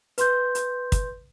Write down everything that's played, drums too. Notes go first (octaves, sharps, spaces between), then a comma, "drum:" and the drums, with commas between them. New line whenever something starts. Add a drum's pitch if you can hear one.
B4 C6 G6, drum: hi-hat
drum: hi-hat
drum: kick, hi-hat